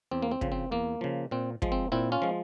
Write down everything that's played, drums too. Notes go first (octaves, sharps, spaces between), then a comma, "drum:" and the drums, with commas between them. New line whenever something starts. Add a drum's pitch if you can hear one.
E2 C4
A#3
C4
C#3 F3, drum: kick
C4
E2 A#3
C#3 F3
A#2 C4
F3 G#3, drum: kick
C4
A#2 C4 E4
C#4 F4
F3 G#3